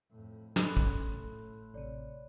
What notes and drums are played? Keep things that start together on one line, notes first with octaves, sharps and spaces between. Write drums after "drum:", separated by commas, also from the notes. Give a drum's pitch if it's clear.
F2 A2
D#3 C#4 A4 B5 C6 F#6, drum: snare
drum: kick
A2
A1 C3 C#5 D5